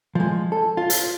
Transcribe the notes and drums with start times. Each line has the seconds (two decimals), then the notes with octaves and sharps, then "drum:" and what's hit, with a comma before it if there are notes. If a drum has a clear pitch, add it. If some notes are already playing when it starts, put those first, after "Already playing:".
0.15 F3 G#3
0.52 A4
0.77 F4
0.90 drum: hi-hat